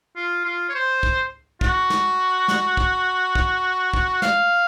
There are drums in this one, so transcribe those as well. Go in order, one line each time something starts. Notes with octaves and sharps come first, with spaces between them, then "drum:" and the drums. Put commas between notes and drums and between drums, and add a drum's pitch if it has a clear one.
F4
F4
C#5
C5
drum: kick
F#4, drum: kick
drum: snare
drum: snare
drum: kick
drum: kick
drum: kick
F5, drum: snare